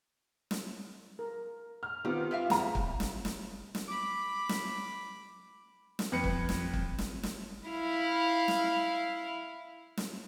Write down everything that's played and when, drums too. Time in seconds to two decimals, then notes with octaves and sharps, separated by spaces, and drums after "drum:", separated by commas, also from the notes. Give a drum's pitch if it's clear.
0.51 drum: snare
1.19 A#4
1.83 F6
2.05 D#3 B3 C4 F4 G4
2.31 G2 E5 F5
2.50 E2 F4 A#5, drum: snare
2.75 drum: kick
3.00 drum: snare
3.25 drum: snare
3.75 drum: snare
3.88 B5 D6
4.49 drum: snare
5.99 drum: snare
6.12 F2 B4 C#7
6.24 drum: kick
6.49 drum: snare
6.74 drum: kick
6.98 drum: snare
7.23 drum: snare
7.70 E4 F5
8.48 drum: snare
9.97 drum: snare